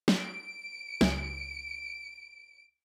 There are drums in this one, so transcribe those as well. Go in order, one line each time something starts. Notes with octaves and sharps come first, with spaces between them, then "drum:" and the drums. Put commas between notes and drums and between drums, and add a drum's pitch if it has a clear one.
drum: snare
D7
C#2 E4 G#5, drum: snare